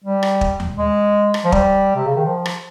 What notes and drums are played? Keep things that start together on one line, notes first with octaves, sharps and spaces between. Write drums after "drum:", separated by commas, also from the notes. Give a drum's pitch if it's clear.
G3
drum: rim click
drum: kick
drum: tom D#2
G#3
drum: rim click
F3
G3, drum: kick
C3
C#3
D#3
F3
drum: rim click